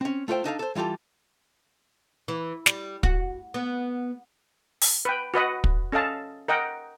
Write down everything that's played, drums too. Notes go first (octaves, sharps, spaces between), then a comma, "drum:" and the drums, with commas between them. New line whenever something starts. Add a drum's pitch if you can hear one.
C4 C#4
A3 F4 A4 C5 G5
D4 D#4 A4 F5
A4 C5
E3 G3 F4 G4 A4
E3
G3, drum: snare
F#4, drum: kick
B3
drum: open hi-hat
B4 G5
F#4 B4 D#5 F#5
drum: kick
C#4 A4 D#5 F5 A5
A#4 D#5 F#5 G5